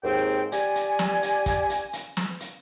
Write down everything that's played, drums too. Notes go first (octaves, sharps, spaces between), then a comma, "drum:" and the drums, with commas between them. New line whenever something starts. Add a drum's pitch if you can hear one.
D#2 G#2 C4 G5
G4 D5 G#5, drum: hi-hat
drum: hi-hat
drum: snare
drum: hi-hat
drum: kick, hi-hat
drum: hi-hat
drum: hi-hat
drum: snare
drum: hi-hat